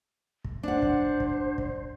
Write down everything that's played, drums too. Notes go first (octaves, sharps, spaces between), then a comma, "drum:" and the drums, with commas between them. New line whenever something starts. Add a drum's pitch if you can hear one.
drum: kick
D4 C5 F#5
drum: kick
drum: kick
drum: kick